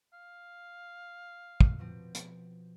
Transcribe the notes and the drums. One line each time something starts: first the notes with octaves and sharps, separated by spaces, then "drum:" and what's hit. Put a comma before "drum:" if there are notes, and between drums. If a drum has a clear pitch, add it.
F5
drum: kick
B2 F3 C4
drum: hi-hat